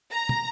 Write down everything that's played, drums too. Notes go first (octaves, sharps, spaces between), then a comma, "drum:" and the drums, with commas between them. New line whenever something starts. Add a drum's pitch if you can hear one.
A#5
drum: tom